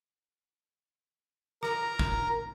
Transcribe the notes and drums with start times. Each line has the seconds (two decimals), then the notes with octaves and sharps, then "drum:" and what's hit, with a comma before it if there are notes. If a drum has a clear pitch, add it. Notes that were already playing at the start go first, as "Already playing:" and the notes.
1.63 A#4 A#5, drum: rim click
1.99 drum: kick